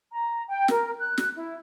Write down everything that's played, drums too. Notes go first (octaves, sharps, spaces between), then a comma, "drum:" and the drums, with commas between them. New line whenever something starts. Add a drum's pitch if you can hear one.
A#5
G5
A#4, drum: snare
F#6
drum: snare
E4